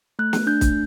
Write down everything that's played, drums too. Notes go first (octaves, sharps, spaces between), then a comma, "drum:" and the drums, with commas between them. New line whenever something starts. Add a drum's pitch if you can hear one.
A3 F#6
drum: snare
D4 G6
drum: kick, hi-hat